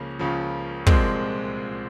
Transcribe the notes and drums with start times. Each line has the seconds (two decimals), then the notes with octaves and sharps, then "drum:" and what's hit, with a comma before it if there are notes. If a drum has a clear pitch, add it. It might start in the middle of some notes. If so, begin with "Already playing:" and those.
Already playing: C#2 C#3 F3 A#3 C#4
0.19 C#2 C#3 F3
0.87 C2 A#2 F3 G#3 C4, drum: kick